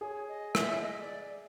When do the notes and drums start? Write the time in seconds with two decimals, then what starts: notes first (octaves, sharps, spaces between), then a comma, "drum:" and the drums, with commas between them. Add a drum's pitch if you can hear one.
0.01 G#4 C#5
0.28 D#5
0.55 E5, drum: rim click
0.82 D#5
1.01 D5